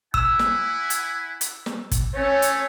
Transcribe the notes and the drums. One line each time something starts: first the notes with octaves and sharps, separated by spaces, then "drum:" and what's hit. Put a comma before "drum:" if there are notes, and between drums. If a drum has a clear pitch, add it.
E4 F#5 G#5 E6, drum: kick
drum: snare
drum: hi-hat
drum: hi-hat
drum: snare
drum: kick, hi-hat
A3 C#4 C#5
drum: hi-hat